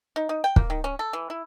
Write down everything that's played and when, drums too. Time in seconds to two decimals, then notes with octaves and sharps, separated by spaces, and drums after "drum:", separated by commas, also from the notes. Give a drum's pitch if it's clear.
0.16 D#4
0.29 D#4
0.44 G5
0.56 A#3, drum: kick
0.70 D#3
0.84 C#4
0.99 A4
1.13 E3
1.30 E4